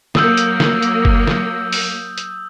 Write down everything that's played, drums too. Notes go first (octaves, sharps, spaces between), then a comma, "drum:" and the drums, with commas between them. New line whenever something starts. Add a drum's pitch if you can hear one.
F#3 A#3 D#6 E6 G6, drum: snare
drum: hi-hat
drum: snare
drum: hi-hat
drum: kick F#1
drum: snare
drum: open hi-hat
drum: hi-hat